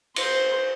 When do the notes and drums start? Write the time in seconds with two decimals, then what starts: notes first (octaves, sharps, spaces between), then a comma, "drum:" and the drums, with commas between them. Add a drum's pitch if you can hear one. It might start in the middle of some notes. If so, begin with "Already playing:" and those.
0.16 C5, drum: cymbal